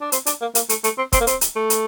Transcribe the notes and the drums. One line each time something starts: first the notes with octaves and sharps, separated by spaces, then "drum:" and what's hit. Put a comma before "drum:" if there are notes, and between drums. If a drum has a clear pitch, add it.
D4
C4, drum: hi-hat
D4, drum: hi-hat
A#3
A#3, drum: hi-hat
A3, drum: hi-hat
A3, drum: hi-hat
C4
C4, drum: kick, hi-hat
A#3
C4, drum: hi-hat
drum: hi-hat
A3
drum: hi-hat